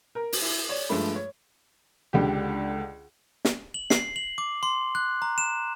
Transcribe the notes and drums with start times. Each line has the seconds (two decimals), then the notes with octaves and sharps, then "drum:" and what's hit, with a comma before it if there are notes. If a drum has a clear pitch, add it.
0.15 A#4
0.33 drum: open hi-hat
0.42 E4
0.69 C#5 D5
0.89 G2 F3 G#3 A3 B5
1.15 C#5
2.13 C#2 D3 G4
3.45 drum: snare
3.74 F#7
3.90 C7, drum: snare
4.16 F#7
4.38 D6
4.63 C6
4.95 F#6
5.22 A#5
5.38 E7